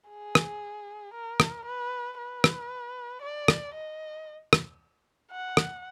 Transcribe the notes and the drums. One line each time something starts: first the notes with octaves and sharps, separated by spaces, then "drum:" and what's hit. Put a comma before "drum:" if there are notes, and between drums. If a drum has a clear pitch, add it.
G#4
drum: rim click
A#4
drum: rim click
B4
B4
drum: rim click
D5
drum: rim click
D#5
drum: rim click
F#5
drum: rim click